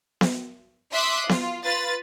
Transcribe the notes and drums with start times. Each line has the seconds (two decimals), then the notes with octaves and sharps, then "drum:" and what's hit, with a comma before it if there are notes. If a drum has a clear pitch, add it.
0.21 drum: snare B3
0.93 E5 C6 D6 D#6 F#6 B6
1.29 F4, drum: snare B3
1.64 F4 B4 A6